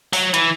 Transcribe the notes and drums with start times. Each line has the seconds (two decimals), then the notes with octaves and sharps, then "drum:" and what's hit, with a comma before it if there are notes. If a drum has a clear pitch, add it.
0.13 F#3, drum: open hi-hat
0.34 E3, drum: hi-hat